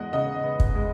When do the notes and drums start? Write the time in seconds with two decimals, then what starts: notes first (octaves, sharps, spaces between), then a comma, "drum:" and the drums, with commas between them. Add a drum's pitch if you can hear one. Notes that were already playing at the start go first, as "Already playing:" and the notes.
Already playing: E2 G#3 D#5 F#5
0.13 C#3 D#5
0.44 B3
0.60 drum: kick
0.75 G#3